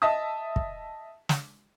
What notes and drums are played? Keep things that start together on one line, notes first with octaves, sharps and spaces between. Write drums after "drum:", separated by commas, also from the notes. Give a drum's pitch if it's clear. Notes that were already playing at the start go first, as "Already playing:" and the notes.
D#5 E5 A5 D#6
drum: kick
drum: snare